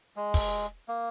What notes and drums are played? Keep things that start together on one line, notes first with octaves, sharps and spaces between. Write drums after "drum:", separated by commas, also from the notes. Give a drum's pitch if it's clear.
G#3
drum: kick, open hi-hat
A#3